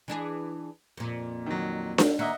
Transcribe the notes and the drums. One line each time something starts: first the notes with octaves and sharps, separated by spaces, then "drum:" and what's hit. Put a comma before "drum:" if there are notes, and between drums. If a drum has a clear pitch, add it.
E3 D4 G#4
F2 A#2
D#3 F#3
drum: snare D4
D#3 A#3 D#5 E5 F#5